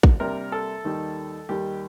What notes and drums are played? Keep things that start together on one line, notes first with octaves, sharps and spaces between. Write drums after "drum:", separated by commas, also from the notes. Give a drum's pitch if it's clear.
drum: kick
C3 G3 A#3 D4 A#4
A4
D#2 D#3 G3
D#2 D#3 G3 G4